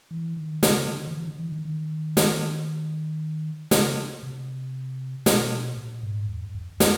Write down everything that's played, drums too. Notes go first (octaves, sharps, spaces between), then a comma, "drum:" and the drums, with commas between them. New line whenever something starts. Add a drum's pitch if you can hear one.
E3
D#3
C#3, drum: snare
D3
D#3
E3
D3
E3
D#3
D#3
drum: snare
C#3, drum: snare
C3
B2, drum: snare
A#2
G#2
E2
F#2
F2
drum: snare